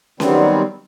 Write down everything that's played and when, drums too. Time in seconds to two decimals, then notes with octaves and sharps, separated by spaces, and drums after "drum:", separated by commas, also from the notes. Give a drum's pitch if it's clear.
0.20 D#3 F#3 G3 B3 C4, drum: snare C#4